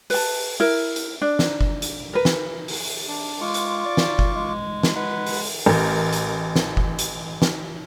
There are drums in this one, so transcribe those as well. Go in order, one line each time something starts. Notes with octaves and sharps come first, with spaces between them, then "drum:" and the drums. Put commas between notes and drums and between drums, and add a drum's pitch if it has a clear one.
B4 A5, drum: open hi-hat
E4 A#4
drum: hi-hat
D4
drum: snare
drum: kick F#1
drum: hi-hat
A#4 B4
drum: snare
drum: open hi-hat
D4
G#3 F4 C#6 D6
drum: hi-hat
D5
drum: snare
drum: kick F#1
G#3
drum: snare
G#3 B4 F#5
drum: open hi-hat
A1 A#4
drum: hi-hat
drum: snare
drum: kick F#1
drum: hi-hat
drum: snare